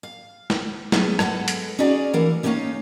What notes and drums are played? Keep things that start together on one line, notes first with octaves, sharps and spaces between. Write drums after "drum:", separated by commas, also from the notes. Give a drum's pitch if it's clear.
F5
drum: snare
F#3 A3 B3 G#4, drum: snare
G#3 A4 B4 F#5, drum: rim click
drum: hi-hat
C#4 D#4 F#4 G#4 D5 A#5
E3 A3 A#4 F5
A3 A#3 C#4 D#4 C#5 F5